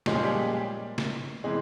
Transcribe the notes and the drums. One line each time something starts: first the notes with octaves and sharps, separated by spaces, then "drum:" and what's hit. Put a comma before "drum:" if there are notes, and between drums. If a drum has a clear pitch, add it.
A#2 F3 G#3 C#4 G4, drum: snare
G#4
G3 G4
drum: snare
C3 E3 G#3 G#4